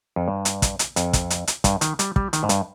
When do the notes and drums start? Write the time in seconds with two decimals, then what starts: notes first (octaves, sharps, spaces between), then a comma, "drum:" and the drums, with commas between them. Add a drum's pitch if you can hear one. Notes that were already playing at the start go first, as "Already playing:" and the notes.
0.16 F2
0.28 G2
0.45 drum: hi-hat
0.62 drum: kick, hi-hat
0.79 drum: hi-hat
0.96 F2, drum: hi-hat
1.13 drum: kick, hi-hat
1.30 drum: hi-hat
1.47 drum: hi-hat
1.64 G2, drum: kick, hi-hat
1.81 D#3, drum: hi-hat
1.99 G3, drum: hi-hat
2.16 G3, drum: kick
2.33 D#3, drum: hi-hat
2.43 G#2
2.49 G2, drum: hi-hat